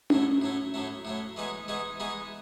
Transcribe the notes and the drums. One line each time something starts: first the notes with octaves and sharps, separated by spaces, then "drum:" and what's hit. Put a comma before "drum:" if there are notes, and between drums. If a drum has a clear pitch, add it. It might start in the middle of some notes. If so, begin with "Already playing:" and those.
A2 F#3 A3, drum: tom C#4
A2 F#3 A3
A2 F#3 A3
A2 F#3 A3
E3 G#3 B3 D#4 G#4
E3 G#3 B3 D#4 G#4
E3 G#3 B3 D#4 G#4